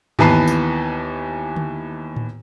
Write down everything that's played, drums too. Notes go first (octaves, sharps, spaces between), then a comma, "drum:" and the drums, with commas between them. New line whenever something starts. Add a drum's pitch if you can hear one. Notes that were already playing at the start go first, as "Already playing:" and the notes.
D#2 E3 B3 B4 A5 C7, drum: tom G2
drum: tambourine
drum: tom D3
drum: tom A2